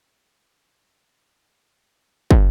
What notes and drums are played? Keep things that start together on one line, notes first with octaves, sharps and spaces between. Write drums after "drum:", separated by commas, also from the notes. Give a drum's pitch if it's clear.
D4 G#4
F#3 A#4
F2 G4 A4
drum: kick